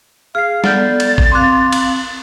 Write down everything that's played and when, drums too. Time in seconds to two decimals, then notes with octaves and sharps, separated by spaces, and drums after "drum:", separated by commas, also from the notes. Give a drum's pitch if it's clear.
0.35 G#4 F5 F6 C7
0.64 B3 A4 D5 F#5 F6 G6 A6, drum: snare
1.00 drum: cymbal
1.18 drum: kick G#1
1.32 C4 F5 C6 D6 F#6
1.72 drum: cymbal